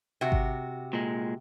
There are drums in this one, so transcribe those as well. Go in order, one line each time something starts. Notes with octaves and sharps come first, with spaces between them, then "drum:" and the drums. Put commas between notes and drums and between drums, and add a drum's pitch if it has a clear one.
C3 F#4
drum: kick G#1
A#2 G#3